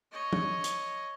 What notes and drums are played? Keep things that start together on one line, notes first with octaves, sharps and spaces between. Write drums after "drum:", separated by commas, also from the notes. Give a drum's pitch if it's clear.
C#5 D#5
drum: tom F3
drum: hi-hat